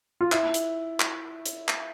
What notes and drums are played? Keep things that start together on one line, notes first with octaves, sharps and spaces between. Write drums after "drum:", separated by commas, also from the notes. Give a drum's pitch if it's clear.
F4
E4, drum: clap
drum: hi-hat
drum: clap
drum: hi-hat
drum: clap